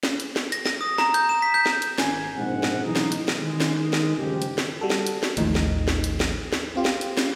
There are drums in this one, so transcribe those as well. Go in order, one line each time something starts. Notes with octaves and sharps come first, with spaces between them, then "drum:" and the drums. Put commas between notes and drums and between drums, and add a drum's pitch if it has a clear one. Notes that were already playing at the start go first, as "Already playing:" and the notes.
drum: snare
drum: hi-hat
drum: snare
A#6, drum: hi-hat
A#6, drum: snare
D#6
A#5, drum: snare
G6, drum: hi-hat
E7
B6
G6
drum: snare
drum: hi-hat
G#1 G#5, drum: snare
A#1 G#2 B2 G#3 C4 F#5
drum: snare
B2 E3 F#3 D#4
drum: snare
drum: hi-hat
drum: snare
D#3 G#3
drum: snare
drum: snare
D2 G2 C#3 F3 G4
drum: hi-hat
drum: snare
G3 F#4 A4
drum: snare
drum: hi-hat
drum: snare
A1 D#2 A2 F3 D#4, drum: hi-hat
drum: snare
drum: snare
drum: hi-hat
drum: snare
drum: snare
C4 F4 G4
drum: snare
drum: hi-hat
drum: snare